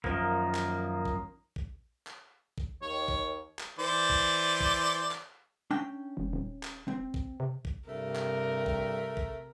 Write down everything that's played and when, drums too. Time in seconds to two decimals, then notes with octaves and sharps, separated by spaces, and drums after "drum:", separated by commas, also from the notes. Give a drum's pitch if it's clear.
0.04 F#2 D#3 F3 A#3, drum: kick A#1
0.55 drum: clap
1.05 drum: kick A#1
1.56 drum: kick A#1
2.07 drum: clap
2.58 drum: kick A#1
2.82 D#2 C#5
3.08 drum: kick A#1
3.59 drum: clap
3.79 E3 C5 D5
4.10 drum: kick A#1
4.60 drum: kick A#1
5.11 drum: clap
5.71 C#4 D4 G5
6.17 E1
6.33 D#1
6.63 drum: clap
6.88 C4
7.14 drum: kick A#1
7.40 C3
7.65 drum: kick A#1
7.89 G2 C3 A3 A#4
8.15 drum: clap
8.66 drum: kick A#1
9.17 drum: kick A#1